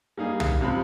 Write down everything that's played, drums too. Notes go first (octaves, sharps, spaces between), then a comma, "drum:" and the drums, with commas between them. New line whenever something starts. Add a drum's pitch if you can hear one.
G3 A#3 D#4 G#4
drum: tom
G#2 C3 F3 B5